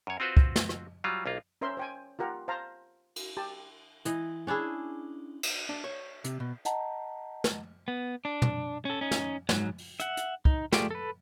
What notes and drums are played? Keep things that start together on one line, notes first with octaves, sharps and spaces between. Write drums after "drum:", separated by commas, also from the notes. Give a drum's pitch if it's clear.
F#2 C#5
C4 F4 F#4 B4 C5
drum: kick
drum: snare
drum: rim click
F#3 G3 F4
B1 A#3 F4
C#4 A#4 C5 E5 C6
C5 G5 G#5
F4 G4 A#4 F#5
C5 F5 A5 A#5
drum: cymbal
G4 A5
E3 D#5, drum: hi-hat
C#4 D4 E4 G#4
drum: cymbal
D4
C#5
C3, drum: hi-hat
B2
D#5 F#5 A5 A#5, drum: hi-hat
drum: snare
B3
D4
drum: tom
C#4 A4
C#4 D#4
drum: snare
G#2 F#3, drum: snare
drum: open hi-hat
E5 F#5, drum: hi-hat
drum: hi-hat
D#4, drum: kick
A3 F4 G4 G#4 D5, drum: snare
A4 B4